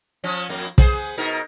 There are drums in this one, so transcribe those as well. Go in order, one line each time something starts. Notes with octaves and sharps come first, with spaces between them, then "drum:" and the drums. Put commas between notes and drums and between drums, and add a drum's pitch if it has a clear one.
F3 C#4
F2 A#3
B3 G#4 C5, drum: kick
B2 D#4 A#4